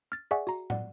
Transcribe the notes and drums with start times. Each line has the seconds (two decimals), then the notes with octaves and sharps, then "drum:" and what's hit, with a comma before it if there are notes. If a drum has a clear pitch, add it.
0.12 F6 A6
0.31 G#4 D5 E5 F#5 G#5 C#6
0.47 F#4 A#5, drum: tambourine
0.70 D5 F#5, drum: tom